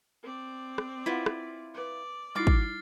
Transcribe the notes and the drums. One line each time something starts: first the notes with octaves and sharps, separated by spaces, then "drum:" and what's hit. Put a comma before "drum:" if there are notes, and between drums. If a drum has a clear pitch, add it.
C4 D5
drum: rim click
E4 F4 B4 F#5
drum: rim click
B4 D5 C6
G3 D#4 E4 F#4 D6 F6 A6 C7
drum: kick